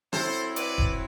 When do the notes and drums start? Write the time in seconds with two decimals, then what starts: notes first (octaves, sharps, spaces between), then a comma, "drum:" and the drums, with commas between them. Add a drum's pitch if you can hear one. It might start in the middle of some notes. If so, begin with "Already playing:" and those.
0.13 F#3 C4 E4 A4 C5, drum: rim click
0.56 B4 D5, drum: hi-hat
0.78 drum: kick E1